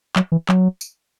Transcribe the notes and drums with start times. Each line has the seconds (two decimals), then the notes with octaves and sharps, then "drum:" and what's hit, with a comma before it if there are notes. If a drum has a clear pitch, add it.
0.16 F#3, drum: clap
0.32 E3
0.49 F#3, drum: clap
0.81 drum: tambourine